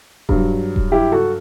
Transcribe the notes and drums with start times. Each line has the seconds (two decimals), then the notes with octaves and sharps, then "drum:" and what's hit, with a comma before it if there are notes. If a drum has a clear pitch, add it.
0.29 G2 F#3, drum: kick D#1
0.76 drum: kick D#1
0.92 E4 G4
1.12 F#4 A4